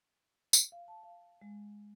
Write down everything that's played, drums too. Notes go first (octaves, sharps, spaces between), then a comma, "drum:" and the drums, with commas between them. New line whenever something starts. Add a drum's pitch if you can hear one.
drum: tambourine
F5
A5
F5
G#3